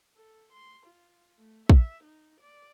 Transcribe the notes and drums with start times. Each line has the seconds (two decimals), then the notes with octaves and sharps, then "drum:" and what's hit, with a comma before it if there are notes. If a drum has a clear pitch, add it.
0.16 A4
0.53 C6
0.87 F4
1.38 A3
1.69 E5, drum: kick
2.04 D#4
2.41 D5